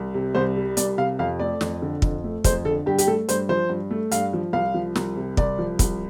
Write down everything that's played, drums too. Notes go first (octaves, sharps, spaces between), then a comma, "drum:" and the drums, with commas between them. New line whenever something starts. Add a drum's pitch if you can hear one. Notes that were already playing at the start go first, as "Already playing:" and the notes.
Already playing: C2
C3
C2 C5
G3
C2 D5, drum: hi-hat
C3 F5
F2 F5
A3 D5
F2, drum: snare
D3
F2, drum: kick
A3
F2 C5, drum: kick, hi-hat
D3 A4
G2 G4
G4, drum: hi-hat
A3 A4
G2 C5, drum: hi-hat
F3 C5
G2
A3
G2 F5, drum: hi-hat
F3
C2 F5
F3
C2, drum: snare
C3
C2 D5, drum: kick
F3
C2, drum: kick, hi-hat